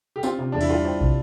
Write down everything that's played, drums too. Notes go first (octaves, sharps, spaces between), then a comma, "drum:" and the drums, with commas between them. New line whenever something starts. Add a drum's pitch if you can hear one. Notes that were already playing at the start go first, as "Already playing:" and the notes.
G4
C4 F4, drum: tambourine
C3
E2 D4
E4, drum: cymbal
G3 F4
C4
C3, drum: kick